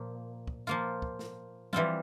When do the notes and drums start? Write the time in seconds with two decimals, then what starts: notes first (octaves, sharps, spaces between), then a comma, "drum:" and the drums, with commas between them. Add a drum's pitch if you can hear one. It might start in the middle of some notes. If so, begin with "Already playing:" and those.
Already playing: A#2 F3 A#3
0.47 drum: kick
0.67 F3 A#3 F4
1.02 drum: kick
1.19 drum: snare
1.73 E3 G3 C4 F4, drum: tom F3